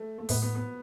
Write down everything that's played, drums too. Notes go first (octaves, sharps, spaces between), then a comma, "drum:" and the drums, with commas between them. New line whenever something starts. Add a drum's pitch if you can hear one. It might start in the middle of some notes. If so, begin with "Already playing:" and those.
Already playing: A3
A3
A2 B3, drum: open hi-hat
B3
B3